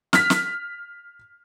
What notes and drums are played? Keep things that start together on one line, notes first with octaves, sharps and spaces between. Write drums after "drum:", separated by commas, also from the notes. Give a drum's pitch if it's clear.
F6 B6, drum: snare
drum: snare